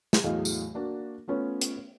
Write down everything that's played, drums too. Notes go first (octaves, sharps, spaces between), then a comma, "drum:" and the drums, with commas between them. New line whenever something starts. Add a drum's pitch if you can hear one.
drum: snare
E2 A2 F#3 G#4 D#5 F5
drum: tambourine
A#3 D4 F#4
A3 B3 C#4 F4 C#5
drum: hi-hat